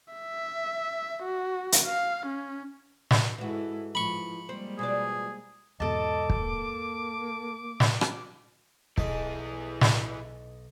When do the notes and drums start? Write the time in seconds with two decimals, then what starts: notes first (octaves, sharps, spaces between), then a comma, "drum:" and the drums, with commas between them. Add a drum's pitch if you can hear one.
0.14 E5
1.22 F#4
1.72 drum: hi-hat
1.86 F5
2.26 C#4
3.11 drum: snare
3.38 G#2 E3 E4 F#4 A4
3.95 G#2 F3 B5 C#6
4.49 G3 G#3 A#3 C4
4.79 B2 F3 G#4 D5
5.80 E2 G#2 B2 A4 D#5 A5 D6
6.30 drum: kick
6.39 A#3
7.80 drum: snare
8.01 drum: rim click
8.98 B1 E3 D#4 G#4 A5, drum: kick
9.81 drum: snare